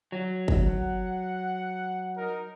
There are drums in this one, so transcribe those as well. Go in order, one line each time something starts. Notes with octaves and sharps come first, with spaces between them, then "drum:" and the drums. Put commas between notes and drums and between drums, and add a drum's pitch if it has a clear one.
F#3
F#5, drum: kick
D#4 A#4